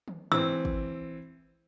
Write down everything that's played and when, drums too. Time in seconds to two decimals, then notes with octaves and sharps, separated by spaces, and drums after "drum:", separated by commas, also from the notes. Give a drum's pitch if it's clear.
0.08 drum: tom D#3
0.32 E3 C4 E6, drum: tom G#2
0.65 drum: kick